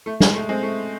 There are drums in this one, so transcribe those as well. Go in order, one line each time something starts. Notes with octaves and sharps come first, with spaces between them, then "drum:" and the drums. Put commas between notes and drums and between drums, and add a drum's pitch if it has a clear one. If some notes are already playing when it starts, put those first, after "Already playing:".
A3
G#3, drum: snare
A3
G#3 C4
A3